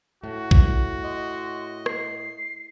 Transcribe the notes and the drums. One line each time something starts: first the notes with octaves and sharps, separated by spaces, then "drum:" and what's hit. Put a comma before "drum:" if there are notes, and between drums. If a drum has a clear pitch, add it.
A2 F#4
drum: kick
D#5 C6
C7, drum: rim click